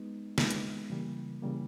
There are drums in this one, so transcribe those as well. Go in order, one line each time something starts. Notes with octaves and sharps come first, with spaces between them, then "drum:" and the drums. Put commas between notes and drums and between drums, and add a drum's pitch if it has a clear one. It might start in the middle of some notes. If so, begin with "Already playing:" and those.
Already playing: G#3 B3 D#4
G#3 B3 D#4, drum: snare
drum: hi-hat
C#3 E3 G3 A#3
C#3 E3 G3 A#3